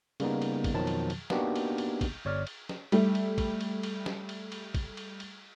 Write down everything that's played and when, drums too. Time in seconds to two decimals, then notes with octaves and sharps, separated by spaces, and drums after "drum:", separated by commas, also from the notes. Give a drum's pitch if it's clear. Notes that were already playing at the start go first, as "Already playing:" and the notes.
0.20 C#3 G3 A#3 B3 D#4, drum: cymbal
0.42 drum: cymbal
0.64 drum: kick, cymbal
0.74 F2 B2 D#3 F3 F#3 A5
0.87 drum: cymbal
1.10 drum: cymbal
1.30 A#3 B3 D4 D#4 F#4 G4, drum: snare
1.56 drum: cymbal
1.78 drum: cymbal
2.01 drum: kick, cymbal
2.25 G1 C#5 D5 F6
2.47 drum: cymbal
2.69 drum: snare
2.92 G3 A3, drum: cymbal
3.15 drum: cymbal
3.38 drum: kick, cymbal
3.61 drum: cymbal
3.83 drum: cymbal
4.06 drum: snare
4.29 drum: cymbal
4.52 drum: cymbal
4.74 drum: kick, cymbal
4.97 drum: cymbal
5.20 drum: cymbal